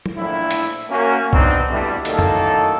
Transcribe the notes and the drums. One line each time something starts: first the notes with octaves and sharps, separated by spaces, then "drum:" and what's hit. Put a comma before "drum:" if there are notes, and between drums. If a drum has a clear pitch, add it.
drum: tom
A#1 A2 E4
drum: hi-hat
A#3 C#4 F#4
G2 B3 C4 D4 D#4, drum: kick B1
G2 B2 G3 A3 D4 E4
F#2 A2 D#3 A#3 A4, drum: hi-hat
drum: tom